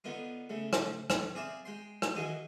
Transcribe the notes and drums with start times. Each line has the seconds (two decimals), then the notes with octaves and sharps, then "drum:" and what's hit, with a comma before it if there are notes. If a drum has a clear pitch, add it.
0.04 D3 B3 D#4 F4
0.49 C#3 A3
0.73 drum: rim click
1.10 drum: rim click
1.35 C4 G#4 D5 E5 F5
1.65 G#3 G5 C6
2.02 drum: rim click
2.16 D#3 E3 F#4 G#4 D#5